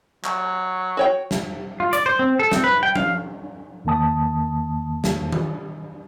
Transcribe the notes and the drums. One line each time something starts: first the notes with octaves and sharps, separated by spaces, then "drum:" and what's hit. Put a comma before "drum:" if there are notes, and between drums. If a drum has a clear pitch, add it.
F#3, drum: clap
F#4 C#5 G5
drum: snare
F4
D5, drum: hi-hat
C5
C4
A4
C4, drum: snare
B4
G5
F5, drum: tom F3
E2 D#3 A#3 A5 D#6
drum: snare
drum: tom D#3